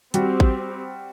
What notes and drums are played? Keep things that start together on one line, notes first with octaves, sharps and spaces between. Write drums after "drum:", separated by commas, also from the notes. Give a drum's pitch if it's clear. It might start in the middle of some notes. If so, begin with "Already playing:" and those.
G3 C4 F#4 G4, drum: hi-hat
drum: kick A1